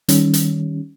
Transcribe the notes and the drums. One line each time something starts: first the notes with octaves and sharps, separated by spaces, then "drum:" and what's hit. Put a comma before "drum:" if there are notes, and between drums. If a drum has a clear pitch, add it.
D#3 G3 C#4, drum: hi-hat
drum: hi-hat